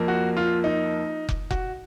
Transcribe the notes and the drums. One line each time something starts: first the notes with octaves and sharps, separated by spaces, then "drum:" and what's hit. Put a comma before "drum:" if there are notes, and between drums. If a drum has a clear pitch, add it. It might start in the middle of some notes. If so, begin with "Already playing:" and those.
Already playing: F2 F3 A#3
F#4
F4
D#4
drum: kick
F#4, drum: kick